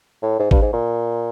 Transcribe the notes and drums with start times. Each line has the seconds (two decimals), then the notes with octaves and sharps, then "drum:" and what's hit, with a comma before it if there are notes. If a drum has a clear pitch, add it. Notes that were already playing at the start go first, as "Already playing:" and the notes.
0.22 A2
0.39 G#2
0.51 G2, drum: kick G#1
0.62 G#2
0.73 A#2